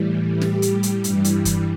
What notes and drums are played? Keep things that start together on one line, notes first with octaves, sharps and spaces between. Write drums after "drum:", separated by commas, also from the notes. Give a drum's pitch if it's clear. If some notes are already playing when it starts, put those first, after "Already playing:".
Already playing: A2 E3 G3
A2 G3 G4, drum: snare
drum: hi-hat
drum: hi-hat
G2 E3 G3, drum: hi-hat
drum: hi-hat
drum: kick, hi-hat